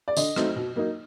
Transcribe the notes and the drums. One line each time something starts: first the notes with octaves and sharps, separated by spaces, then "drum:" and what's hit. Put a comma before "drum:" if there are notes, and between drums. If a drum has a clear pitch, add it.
D5
D3 D#5, drum: tambourine
F#3 A3 C4 D#4, drum: rim click
B2
F#3 A#3 D#4